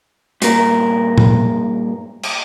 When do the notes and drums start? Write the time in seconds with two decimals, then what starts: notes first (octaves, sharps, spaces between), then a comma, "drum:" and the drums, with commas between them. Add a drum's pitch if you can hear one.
0.42 G2 A#2 A#4, drum: hi-hat
1.18 drum: tom A#2
2.23 drum: cymbal